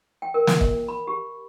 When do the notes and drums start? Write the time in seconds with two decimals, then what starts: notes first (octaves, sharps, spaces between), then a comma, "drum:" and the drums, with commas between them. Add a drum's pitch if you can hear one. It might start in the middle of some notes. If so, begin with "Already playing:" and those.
0.22 G5
0.34 A#4
0.47 drum: snare
0.61 E5, drum: kick
0.88 B5
1.07 G4